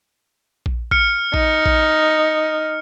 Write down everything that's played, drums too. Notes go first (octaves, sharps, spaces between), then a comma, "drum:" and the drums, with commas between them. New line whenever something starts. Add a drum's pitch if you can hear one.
drum: kick A#1
F6 C#7, drum: kick A#1
D#4, drum: kick A#1
drum: kick A#1